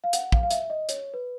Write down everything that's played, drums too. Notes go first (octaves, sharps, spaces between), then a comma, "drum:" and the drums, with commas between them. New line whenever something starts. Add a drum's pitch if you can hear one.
F5
F#5, drum: hi-hat
F5, drum: kick
F5
E5, drum: hi-hat
D#5
C#5, drum: hi-hat
B4